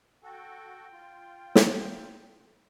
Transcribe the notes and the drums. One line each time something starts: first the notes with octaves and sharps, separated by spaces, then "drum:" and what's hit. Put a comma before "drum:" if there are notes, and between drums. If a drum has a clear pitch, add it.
F#4 A4 G5
F4
drum: snare